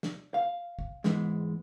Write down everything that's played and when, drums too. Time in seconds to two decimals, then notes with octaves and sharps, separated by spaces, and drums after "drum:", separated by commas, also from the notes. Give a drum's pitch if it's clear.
0.03 drum: snare
0.34 F5
0.79 drum: kick
1.04 G#2 E3 G#3 B3, drum: snare